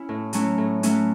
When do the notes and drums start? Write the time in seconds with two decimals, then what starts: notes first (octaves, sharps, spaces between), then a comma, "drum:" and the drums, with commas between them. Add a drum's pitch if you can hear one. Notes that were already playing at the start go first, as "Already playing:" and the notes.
Already playing: C#4 E4
0.09 A2
0.33 F#3 A3 C#4 E4, drum: hi-hat
0.58 A2
0.83 F#3 A3 C#4 E4, drum: hi-hat